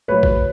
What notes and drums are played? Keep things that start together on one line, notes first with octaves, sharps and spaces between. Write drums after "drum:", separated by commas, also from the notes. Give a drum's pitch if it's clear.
A2 F#3 B4 C#5
drum: kick A1